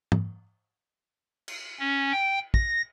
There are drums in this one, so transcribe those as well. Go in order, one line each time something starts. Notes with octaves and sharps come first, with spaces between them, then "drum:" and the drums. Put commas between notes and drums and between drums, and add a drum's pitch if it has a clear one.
drum: tom
drum: cymbal
C#4
G5
A#6, drum: kick